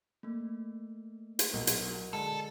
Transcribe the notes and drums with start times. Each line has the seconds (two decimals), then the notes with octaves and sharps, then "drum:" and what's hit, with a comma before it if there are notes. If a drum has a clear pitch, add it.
0.23 A3 A#3
1.39 drum: hi-hat
1.53 B1 A#4 F#5
1.67 drum: hi-hat
2.13 D3 G#3 A4